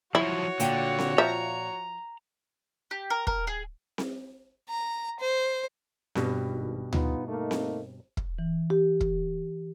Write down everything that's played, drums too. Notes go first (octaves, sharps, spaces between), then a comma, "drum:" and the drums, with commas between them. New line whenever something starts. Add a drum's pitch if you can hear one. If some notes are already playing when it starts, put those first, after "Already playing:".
F3 F#3 E4 F#4 C#5
A#2 D3 G5, drum: hi-hat
drum: snare C4
F3 E5 A#5
G4
A#4
A#4, drum: kick
G#4
drum: snare C4
A#5
C5
G2 B2 G3, drum: snare C4
G#1
B3 D#4 F4, drum: tom D2
A3 A#3 D#4
drum: snare C4
drum: kick
E3
G4
drum: kick